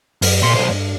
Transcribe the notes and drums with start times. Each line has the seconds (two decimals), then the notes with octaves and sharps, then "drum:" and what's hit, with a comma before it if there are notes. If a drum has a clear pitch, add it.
0.22 F#2, drum: open hi-hat
0.42 A#2 C6
0.55 B1 C5
0.71 G2